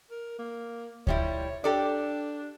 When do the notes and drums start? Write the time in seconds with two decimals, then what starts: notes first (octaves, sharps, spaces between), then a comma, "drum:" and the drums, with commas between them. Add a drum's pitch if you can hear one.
0.11 A#4
0.39 A#3
1.07 F3 G3 E4 C#5, drum: kick D2
1.64 D4 G4 A4 D5